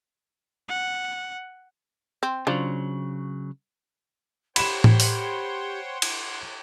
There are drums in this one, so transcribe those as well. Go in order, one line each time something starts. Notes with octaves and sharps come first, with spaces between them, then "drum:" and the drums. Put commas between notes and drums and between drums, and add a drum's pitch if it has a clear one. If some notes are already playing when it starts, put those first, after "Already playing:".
F#5
C4
C#3 F#3 D4 F4 C5
G4 C5 C#5 F#5 G5 B5 C6 E7, drum: cymbal
drum: tom A2
drum: open hi-hat
drum: cymbal